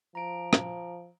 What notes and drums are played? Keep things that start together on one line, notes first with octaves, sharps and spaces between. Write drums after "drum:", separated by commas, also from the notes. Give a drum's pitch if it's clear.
F3 A#5 D7
drum: rim click